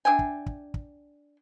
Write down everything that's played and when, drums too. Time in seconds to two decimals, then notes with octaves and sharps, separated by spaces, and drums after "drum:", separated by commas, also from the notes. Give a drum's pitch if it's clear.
0.05 D4 E5 G5 G#5
0.19 drum: kick
0.46 drum: kick
0.74 drum: kick